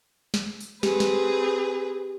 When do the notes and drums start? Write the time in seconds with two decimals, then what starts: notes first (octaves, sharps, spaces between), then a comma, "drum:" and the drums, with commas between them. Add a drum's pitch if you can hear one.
0.34 drum: snare
0.60 drum: tambourine
0.83 C4 G4 G#4 B4, drum: snare
1.00 drum: snare